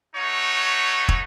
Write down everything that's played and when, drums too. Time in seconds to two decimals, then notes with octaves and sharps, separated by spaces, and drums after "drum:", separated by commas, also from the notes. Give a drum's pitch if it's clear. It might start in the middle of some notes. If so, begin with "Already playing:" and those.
0.16 A3 D#4 F#4 C#5
1.09 drum: kick